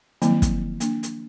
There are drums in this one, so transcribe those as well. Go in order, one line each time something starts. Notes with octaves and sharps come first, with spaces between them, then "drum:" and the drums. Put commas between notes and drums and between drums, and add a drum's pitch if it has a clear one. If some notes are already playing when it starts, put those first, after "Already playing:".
D#3 F3 F#3 A#3 C4 E4, drum: hi-hat
drum: kick, hi-hat
A#3 D4, drum: hi-hat
drum: hi-hat